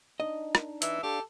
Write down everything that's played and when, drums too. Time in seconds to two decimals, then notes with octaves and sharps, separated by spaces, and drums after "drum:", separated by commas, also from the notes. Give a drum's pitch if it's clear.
0.20 D4 D#4 D#5
0.55 drum: rim click
0.82 E3 E5, drum: hi-hat
1.03 D4 G4 A4 F5